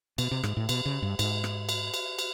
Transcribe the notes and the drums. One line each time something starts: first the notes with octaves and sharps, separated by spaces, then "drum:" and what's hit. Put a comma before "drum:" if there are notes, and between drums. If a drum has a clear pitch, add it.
B2, drum: cymbal
C3
G#2, drum: rim click
A2
B2, drum: cymbal
C#3
G2
G#2, drum: cymbal
drum: rim click
drum: cymbal
drum: cymbal
drum: cymbal